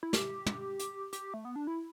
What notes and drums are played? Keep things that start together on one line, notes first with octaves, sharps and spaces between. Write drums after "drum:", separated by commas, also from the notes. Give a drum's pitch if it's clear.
E4
G4, drum: snare
drum: tom
drum: hi-hat
G4, drum: hi-hat
A3
B3
D4
E4